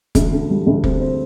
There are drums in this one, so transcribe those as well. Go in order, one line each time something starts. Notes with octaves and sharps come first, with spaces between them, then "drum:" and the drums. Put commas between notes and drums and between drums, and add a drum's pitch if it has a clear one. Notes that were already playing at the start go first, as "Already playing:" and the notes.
D2, drum: kick, hi-hat
D3
G3
D2
C4, drum: kick
C4